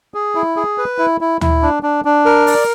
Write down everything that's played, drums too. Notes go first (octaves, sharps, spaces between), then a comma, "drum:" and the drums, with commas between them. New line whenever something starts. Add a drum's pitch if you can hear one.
G#4
E4
G#4
B4
E4
E4
E4, drum: tom D2
D4
D4
D4
A#4
D5, drum: open hi-hat